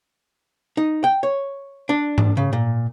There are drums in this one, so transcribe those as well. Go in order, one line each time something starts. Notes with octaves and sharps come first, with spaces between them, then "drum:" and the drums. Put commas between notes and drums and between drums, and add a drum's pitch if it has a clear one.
D#4
G5
C#5
D4
drum: tom G#2
C#3
A#2